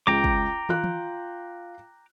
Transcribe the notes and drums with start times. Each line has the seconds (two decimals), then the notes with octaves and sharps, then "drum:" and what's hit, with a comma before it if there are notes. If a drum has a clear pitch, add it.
0.07 C#2 G5 A#5 D6
0.24 drum: kick
0.69 F4 F#6, drum: tom
0.84 drum: tom E3